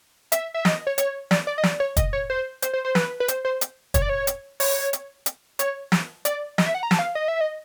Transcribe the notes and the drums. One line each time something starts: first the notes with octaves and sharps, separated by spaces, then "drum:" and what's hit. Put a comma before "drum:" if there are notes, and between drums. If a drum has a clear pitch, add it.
E5, drum: hi-hat
E5
D#5, drum: snare
C#5
C#5, drum: hi-hat
D5, drum: snare
D5
D#5
D5, drum: snare
C#5
D#5, drum: kick, hi-hat
C#5
C5
C5, drum: hi-hat
C5
C5
B4, drum: snare
B4
C5, drum: hi-hat
C5
drum: hi-hat
C#5, drum: kick, hi-hat
D5
C#5
drum: hi-hat
C#5, drum: open hi-hat
drum: hi-hat
drum: hi-hat
C#5, drum: hi-hat
drum: snare
D5, drum: hi-hat
D#5, drum: snare
E5
F#5
A#5
A5, drum: snare
F5
D#5
E5
D#5